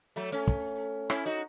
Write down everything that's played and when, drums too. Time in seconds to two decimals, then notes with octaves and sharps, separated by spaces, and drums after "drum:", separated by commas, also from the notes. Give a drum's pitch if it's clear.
0.16 F#3 A3
0.32 A3 C#4
0.47 drum: kick
1.10 C#4 E4, drum: rim click
1.26 D#4 F#4